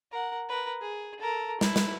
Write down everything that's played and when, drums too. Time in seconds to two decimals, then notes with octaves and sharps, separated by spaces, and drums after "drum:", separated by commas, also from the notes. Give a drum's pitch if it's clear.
0.12 A#4 F#5
0.49 A#4 B4
0.82 G#4
1.20 A4 A#4
1.61 E4, drum: snare
1.76 drum: snare